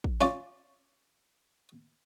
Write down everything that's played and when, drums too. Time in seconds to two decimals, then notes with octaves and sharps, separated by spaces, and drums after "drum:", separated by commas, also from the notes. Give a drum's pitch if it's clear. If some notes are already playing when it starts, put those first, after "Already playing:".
0.04 drum: kick
0.21 C#4 F4 D5, drum: snare